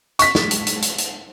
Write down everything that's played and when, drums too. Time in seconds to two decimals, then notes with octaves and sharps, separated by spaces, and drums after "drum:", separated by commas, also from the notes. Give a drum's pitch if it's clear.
0.19 C#6 B6, drum: hi-hat
0.35 drum: snare
0.51 drum: hi-hat
0.67 drum: hi-hat
0.82 drum: hi-hat
0.98 drum: hi-hat